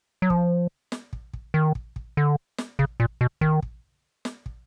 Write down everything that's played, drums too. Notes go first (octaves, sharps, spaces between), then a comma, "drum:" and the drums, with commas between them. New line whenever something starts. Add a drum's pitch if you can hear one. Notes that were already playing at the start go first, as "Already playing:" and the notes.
F#3
F3, drum: kick
drum: snare
drum: kick
drum: kick
D#3
drum: kick
drum: kick
D3
drum: snare
C#3, drum: kick
A#2, drum: kick
B2
D#3, drum: kick
drum: kick
drum: snare
drum: kick